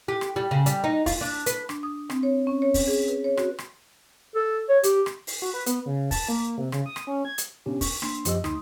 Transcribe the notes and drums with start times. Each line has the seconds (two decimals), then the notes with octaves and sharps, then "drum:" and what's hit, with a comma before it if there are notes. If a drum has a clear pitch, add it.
0.08 G4
0.21 drum: rim click
0.36 G3
0.51 C#3
0.66 G3, drum: hi-hat
0.84 D#4
1.06 F4, drum: kick, open hi-hat
1.21 D4
1.46 B4, drum: hi-hat
1.69 D4, drum: rim click
1.83 D#6
2.10 C4, drum: rim click
2.23 C#5
2.47 C#4
2.62 C#5
2.74 drum: kick, open hi-hat
2.87 G#4
3.08 B4
3.24 C#5
3.37 F#4, drum: rim click
3.59 drum: rim click
4.35 A4
4.69 C#5
4.84 G4, drum: hi-hat
5.06 drum: rim click
5.27 C7, drum: open hi-hat
5.42 F#4
5.54 B4
5.66 B3, drum: hi-hat
5.86 C#3
6.11 A5, drum: kick, open hi-hat
6.29 A#3
6.58 C3
6.72 C#3, drum: rim click
6.86 D#6
6.96 drum: rim click
7.07 C#4
7.25 G#6
7.38 drum: hi-hat
7.66 B2 B3 C#4 D4 G4
7.81 C#6, drum: kick, open hi-hat
8.02 A#3 D4 C6, drum: rim click
8.25 F#2 F3 G4 D#5 E6, drum: hi-hat
8.44 D2 D#4 C6 D#6, drum: rim click